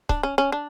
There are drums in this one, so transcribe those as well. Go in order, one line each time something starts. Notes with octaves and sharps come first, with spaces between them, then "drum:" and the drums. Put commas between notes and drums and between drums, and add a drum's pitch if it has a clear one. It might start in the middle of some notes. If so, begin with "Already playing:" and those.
D4, drum: kick C#1
C#4
C#4
D4